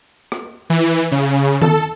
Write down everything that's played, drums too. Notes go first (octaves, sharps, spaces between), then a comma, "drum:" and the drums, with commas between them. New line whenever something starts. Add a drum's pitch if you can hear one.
drum: rim click
E3
C#3
A4, drum: tom D#3